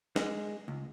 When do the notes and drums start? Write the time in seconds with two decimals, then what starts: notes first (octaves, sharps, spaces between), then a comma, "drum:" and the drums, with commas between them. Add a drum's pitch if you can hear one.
0.16 G#3, drum: snare
0.68 C#2